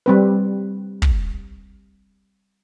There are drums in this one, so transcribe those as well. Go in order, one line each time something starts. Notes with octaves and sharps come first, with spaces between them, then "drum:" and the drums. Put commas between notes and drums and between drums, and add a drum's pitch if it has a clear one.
G3 C4 B4
drum: kick